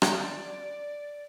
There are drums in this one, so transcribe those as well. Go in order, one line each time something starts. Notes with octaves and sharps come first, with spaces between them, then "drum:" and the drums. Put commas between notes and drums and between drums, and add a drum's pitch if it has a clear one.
D5, drum: rim click